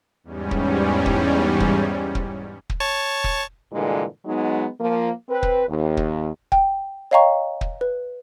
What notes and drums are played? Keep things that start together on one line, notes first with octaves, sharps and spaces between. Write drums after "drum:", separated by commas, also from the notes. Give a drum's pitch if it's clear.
E2 G#2 G3 C#4
drum: kick
drum: kick
drum: kick
drum: kick
drum: kick
C#5 A5 C#6
drum: kick
G2 A#2 D3 E3 G#3
F#3 G#3 B3 D#4
F3 A#3
C4 B4
drum: kick
D#2
drum: kick
G5, drum: kick
C#5 D#5 F5 G5 A#5 C#6
drum: kick
B4